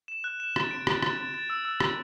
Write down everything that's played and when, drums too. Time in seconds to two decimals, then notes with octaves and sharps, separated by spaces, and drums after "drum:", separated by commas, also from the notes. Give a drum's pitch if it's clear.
0.08 E7
0.24 F#6
0.40 E7
0.56 A6, drum: rim click
0.71 D7
0.87 A6, drum: rim click
1.02 A6, drum: rim click
1.18 A6
1.34 A6
1.50 E6
1.65 E6
1.80 A6, drum: rim click